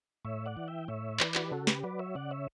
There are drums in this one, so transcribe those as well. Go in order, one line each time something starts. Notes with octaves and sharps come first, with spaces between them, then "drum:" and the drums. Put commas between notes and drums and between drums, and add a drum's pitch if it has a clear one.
A2 C#5 E5
D5 F#5
E3
E5 G5
A2 C#5 E5
E3 B4 D5, drum: clap
F#4, drum: clap
G4
C#3 F#4 A4
G4 B4, drum: snare
F#3 B4 D5
C#5 E5
C#3 D5 F#5
C#5 E5